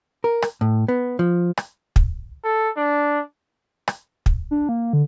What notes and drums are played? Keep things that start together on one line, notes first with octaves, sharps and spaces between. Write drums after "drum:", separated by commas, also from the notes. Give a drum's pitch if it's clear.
A#4
drum: rim click
A2
B3
F3
drum: rim click
drum: kick
A4
D4
drum: rim click
drum: kick
D4
A#3
D3